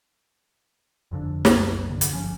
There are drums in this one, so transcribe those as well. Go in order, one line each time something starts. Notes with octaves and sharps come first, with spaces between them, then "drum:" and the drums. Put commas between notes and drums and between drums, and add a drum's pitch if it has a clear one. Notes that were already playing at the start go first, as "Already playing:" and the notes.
F1 F2 D3 D4
F#1 C2 F#2, drum: snare
F1 C2 G2 D3
drum: hi-hat
G1 F3 C#4